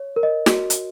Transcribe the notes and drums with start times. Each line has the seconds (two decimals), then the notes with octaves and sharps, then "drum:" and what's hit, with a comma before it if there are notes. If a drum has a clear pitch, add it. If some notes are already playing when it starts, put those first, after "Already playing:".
Already playing: C#5
0.16 A#4
0.23 D#5
0.46 F#4, drum: snare
0.70 drum: hi-hat